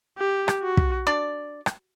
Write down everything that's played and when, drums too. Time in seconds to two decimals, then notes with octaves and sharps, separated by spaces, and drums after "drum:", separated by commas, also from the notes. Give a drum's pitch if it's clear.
0.19 G4
0.48 drum: rim click
0.62 F#4
0.77 drum: kick
1.07 D4 D5
1.66 drum: rim click